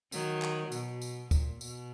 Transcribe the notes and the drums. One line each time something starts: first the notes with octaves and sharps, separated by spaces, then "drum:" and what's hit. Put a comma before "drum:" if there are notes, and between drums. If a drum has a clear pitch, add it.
D#3 F#3, drum: tambourine
drum: clap
B2, drum: tambourine
drum: tambourine
A#2, drum: kick, tambourine
B2, drum: tambourine